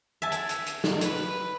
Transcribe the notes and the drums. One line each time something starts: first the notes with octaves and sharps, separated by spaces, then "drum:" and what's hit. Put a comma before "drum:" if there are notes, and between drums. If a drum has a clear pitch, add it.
E5 G#5 A5
drum: hi-hat
drum: hi-hat
drum: hi-hat
drum: snare
B4, drum: hi-hat